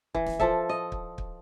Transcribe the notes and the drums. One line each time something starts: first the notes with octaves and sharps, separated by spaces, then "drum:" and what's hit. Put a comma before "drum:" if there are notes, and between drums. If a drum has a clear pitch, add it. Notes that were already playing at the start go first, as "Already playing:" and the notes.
E3, drum: kick
drum: snare
F3 A4 E5, drum: kick
D#5
drum: kick
drum: kick